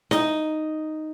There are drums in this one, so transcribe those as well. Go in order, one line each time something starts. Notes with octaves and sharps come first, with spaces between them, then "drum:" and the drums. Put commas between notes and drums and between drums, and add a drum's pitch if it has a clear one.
D#4, drum: snare E4